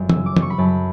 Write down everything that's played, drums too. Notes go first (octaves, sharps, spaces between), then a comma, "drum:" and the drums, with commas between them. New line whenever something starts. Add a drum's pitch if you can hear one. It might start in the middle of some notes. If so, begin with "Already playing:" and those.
Already playing: G1 F#2 G3
E6, drum: tom
C#3
D6
C#3, drum: tom
C#6
B5
F#2 A5
B5